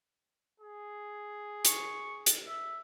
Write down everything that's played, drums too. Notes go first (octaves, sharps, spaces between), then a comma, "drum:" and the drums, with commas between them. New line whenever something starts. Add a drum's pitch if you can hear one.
G#4
C#6, drum: hi-hat
drum: hi-hat
E5